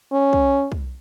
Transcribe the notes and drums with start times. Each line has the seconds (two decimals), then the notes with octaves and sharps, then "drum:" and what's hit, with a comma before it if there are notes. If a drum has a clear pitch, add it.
0.13 C#4
0.33 drum: kick
0.72 drum: kick